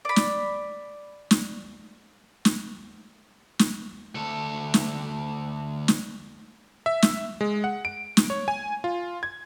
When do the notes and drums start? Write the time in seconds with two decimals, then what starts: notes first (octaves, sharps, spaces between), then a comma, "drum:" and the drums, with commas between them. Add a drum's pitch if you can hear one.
0.05 D5 B5
0.16 drum: snare
1.31 drum: snare
2.45 drum: snare
3.59 drum: snare
4.15 D2 A4
4.74 drum: snare
5.88 drum: snare
6.86 E5
7.02 drum: snare
7.41 G#3
7.64 F#5
7.85 D7
8.17 drum: snare
8.30 C#5
8.48 G#5
8.84 F4
9.23 G#6